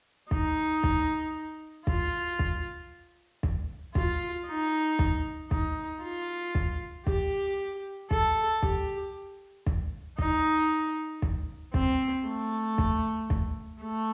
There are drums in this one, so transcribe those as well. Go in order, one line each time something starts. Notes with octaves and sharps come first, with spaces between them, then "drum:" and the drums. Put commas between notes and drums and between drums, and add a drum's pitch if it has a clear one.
D#4, drum: kick
drum: kick
F4, drum: kick
drum: kick
drum: kick
F4, drum: kick
D#4
drum: kick
D#4, drum: kick
F4
drum: kick
G4, drum: kick
A4, drum: kick
G4, drum: kick
drum: kick
D#4, drum: kick
drum: kick
C4, drum: kick
A3
drum: kick
drum: kick
A3